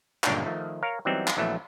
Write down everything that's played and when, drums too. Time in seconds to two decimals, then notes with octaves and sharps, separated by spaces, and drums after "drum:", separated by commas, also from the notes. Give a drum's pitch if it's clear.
0.24 G1 C#2 A#2 D4 C#5 G5, drum: clap
0.46 D#3 F3 A3
0.82 A#4 C#5 F5 A#5
1.05 E3 F#3 G3 B3 C4 D#4
1.28 drum: clap
1.37 A#1 E3 F#3 A3 B3